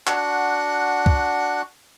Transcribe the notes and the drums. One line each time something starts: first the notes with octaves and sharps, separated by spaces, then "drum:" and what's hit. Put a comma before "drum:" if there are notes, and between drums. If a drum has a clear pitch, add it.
D4 F#4 F#5, drum: clap
drum: kick C#2